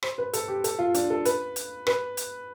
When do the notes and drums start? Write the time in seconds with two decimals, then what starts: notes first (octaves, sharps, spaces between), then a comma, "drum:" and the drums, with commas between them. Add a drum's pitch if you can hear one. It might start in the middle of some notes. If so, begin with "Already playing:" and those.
0.03 C5, drum: rim click
0.18 B4
0.33 A4, drum: hi-hat
0.48 G4
0.64 A4, drum: hi-hat
0.79 F4
0.94 D4, drum: hi-hat
1.10 A4
1.25 B4, drum: hi-hat
1.56 drum: hi-hat
1.87 B4, drum: rim click
2.17 drum: hi-hat